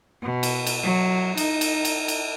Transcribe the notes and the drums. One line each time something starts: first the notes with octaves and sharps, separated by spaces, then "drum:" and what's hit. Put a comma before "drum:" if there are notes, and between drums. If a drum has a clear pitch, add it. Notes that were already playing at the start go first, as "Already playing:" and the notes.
B2
drum: cymbal
drum: cymbal
F#3
D#4, drum: cymbal
drum: cymbal
drum: cymbal
drum: cymbal